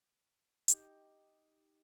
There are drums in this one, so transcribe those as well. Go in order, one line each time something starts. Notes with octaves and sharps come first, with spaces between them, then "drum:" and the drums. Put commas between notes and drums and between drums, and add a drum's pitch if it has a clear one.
D#4 G4, drum: hi-hat